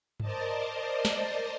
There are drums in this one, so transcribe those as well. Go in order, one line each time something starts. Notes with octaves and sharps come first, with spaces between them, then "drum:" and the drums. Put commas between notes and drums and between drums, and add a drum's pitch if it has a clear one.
A#4 C5 D5 D#5 A5, drum: tom G2
drum: snare